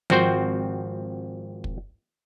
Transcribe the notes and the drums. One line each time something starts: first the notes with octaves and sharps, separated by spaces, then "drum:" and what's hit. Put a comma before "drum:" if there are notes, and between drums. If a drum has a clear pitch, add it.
G#1 F3 C4 F#4 C5 G5, drum: tom F3
drum: kick